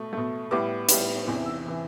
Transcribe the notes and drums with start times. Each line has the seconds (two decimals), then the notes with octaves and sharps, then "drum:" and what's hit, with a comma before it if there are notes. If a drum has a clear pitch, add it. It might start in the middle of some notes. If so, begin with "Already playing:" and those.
Already playing: B2 A3
0.13 B2 A3
0.51 A2 G3 B3 D6
0.89 A2 G3 B3, drum: hi-hat
1.27 E2 C3 E3
1.46 E6
1.66 C3 E3